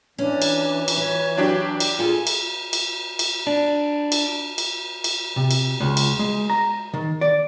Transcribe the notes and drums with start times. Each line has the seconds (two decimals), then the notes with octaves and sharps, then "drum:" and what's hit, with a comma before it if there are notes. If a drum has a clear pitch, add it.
0.18 E3 C#4 D4
0.42 drum: cymbal
0.88 drum: cymbal
0.97 B4 C#5
1.37 F#3 D4 G4
1.80 drum: cymbal
1.99 F4 G#4 A4 G#5
2.27 drum: cymbal
2.73 drum: cymbal
3.19 drum: cymbal
3.47 D4
4.12 drum: cymbal
4.58 drum: cymbal
5.04 drum: cymbal
5.36 C3
5.51 drum: cymbal
5.80 C#2
5.97 drum: cymbal
6.19 G#3
6.50 A#5
6.94 D#3
7.21 D5